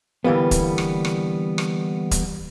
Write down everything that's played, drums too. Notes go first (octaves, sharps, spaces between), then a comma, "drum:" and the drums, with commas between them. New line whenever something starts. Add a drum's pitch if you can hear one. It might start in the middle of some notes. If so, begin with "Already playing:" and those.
D3 E3 G3 A#3 B3
drum: kick, hi-hat
drum: rim click
drum: rim click
drum: rim click
drum: kick, hi-hat